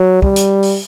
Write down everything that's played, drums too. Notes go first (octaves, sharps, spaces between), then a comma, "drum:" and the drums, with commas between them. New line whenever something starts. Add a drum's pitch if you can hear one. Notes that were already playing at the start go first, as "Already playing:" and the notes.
Already playing: F#3
G3, drum: kick
drum: hi-hat
drum: open hi-hat